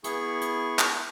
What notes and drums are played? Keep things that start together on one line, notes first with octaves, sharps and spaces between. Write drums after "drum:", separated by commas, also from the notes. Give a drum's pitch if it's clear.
B3 E4 G#4 C#6, drum: hi-hat
drum: hi-hat
drum: clap